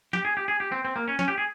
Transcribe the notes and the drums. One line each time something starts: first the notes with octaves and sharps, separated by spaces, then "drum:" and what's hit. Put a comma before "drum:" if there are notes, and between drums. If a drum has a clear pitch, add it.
G4, drum: snare
G#4
G4
G#4
G4
C4
C4
A#3
C#4
C#4, drum: snare
G4
G#4